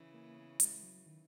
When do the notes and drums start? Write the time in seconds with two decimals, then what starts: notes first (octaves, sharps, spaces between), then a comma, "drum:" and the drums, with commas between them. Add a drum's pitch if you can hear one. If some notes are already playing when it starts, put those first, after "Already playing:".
Already playing: C#3 E3
0.14 A#3
0.37 B3
0.60 G#3, drum: hi-hat
0.83 F#3
1.06 D#3